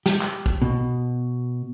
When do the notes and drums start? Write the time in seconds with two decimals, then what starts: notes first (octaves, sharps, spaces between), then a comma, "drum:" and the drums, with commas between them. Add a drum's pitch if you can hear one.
0.06 G4, drum: snare
0.21 drum: clap
0.46 drum: kick
0.62 B2